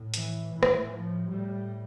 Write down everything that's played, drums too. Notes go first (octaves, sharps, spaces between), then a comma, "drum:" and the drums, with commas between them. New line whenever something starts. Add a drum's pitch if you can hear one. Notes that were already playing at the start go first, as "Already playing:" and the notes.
Already playing: A2
E3, drum: hi-hat
A2 E3
drum: rim click
F3
A2 G3